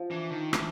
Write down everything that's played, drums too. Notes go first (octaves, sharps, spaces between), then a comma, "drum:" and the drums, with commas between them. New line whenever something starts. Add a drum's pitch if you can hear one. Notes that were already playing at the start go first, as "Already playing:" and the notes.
Already playing: F3
E3 D4
D#3
E3 D4, drum: rim click